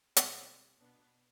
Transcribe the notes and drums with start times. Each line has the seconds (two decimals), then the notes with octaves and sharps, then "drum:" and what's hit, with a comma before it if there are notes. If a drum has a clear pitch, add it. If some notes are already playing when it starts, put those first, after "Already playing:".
0.16 B2 G3 C4 F4, drum: hi-hat
0.80 B2 B3 D4